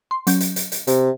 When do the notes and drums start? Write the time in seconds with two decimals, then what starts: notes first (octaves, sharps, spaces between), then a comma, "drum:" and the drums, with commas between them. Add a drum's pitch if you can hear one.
0.11 C6
0.27 F#3 C#4 G6, drum: hi-hat
0.41 drum: hi-hat
0.56 drum: hi-hat
0.72 drum: hi-hat
0.87 C3, drum: hi-hat